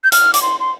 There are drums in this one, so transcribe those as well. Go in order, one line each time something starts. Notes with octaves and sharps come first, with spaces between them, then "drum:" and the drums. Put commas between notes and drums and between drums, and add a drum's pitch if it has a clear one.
G6
F6, drum: hi-hat
D6, drum: hi-hat
C6
C6